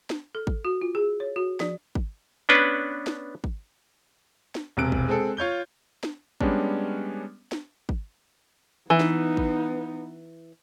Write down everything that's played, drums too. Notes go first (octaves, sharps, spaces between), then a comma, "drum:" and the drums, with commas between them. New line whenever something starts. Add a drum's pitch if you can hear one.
drum: snare
A4
drum: kick
F#4
F4
G#4
C#5
F#4
F3, drum: snare
drum: kick
B3 C#4 D4 B4
drum: snare
drum: kick
drum: snare
E1 C3 F#6 D7
drum: kick
G#3 C4 G#4 A4
F4 C#5 G6 G7
drum: snare
G3 G#3 B3 C#4 D4, drum: kick
drum: snare
drum: kick
E3 B3 D#4
drum: snare
drum: kick